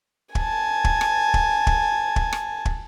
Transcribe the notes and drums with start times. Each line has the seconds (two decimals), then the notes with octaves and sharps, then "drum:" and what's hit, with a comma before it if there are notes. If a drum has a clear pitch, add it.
0.35 G#5 A5, drum: kick
0.84 drum: kick
1.01 drum: rim click
1.34 drum: kick
1.67 drum: kick
2.16 drum: kick
2.33 drum: rim click
2.65 drum: kick